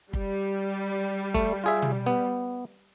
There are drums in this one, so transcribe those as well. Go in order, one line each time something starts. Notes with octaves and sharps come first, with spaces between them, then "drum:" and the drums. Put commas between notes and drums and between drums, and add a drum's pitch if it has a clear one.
G3, drum: kick
A3, drum: kick
F4 G#4 E5
drum: tom
B3